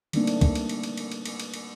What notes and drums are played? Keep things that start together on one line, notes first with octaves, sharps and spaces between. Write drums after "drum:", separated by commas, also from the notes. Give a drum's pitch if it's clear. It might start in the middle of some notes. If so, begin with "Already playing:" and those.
G3 A3 A#3 C4 D4 D#4, drum: cymbal
drum: cymbal
drum: kick, cymbal
drum: cymbal
drum: cymbal
drum: cymbal
drum: cymbal
drum: cymbal
drum: cymbal
drum: cymbal
drum: cymbal